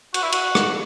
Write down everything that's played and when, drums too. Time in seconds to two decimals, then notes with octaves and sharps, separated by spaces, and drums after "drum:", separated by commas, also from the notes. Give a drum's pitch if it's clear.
0.14 F#4, drum: cymbal
0.23 E4
0.32 F#4, drum: cymbal
0.55 drum: rim click